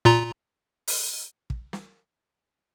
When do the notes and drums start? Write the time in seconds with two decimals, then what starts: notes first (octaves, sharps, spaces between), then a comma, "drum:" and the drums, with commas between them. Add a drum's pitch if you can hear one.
0.05 A#2 F4 A#5
0.88 drum: open hi-hat
1.50 drum: kick
1.73 drum: snare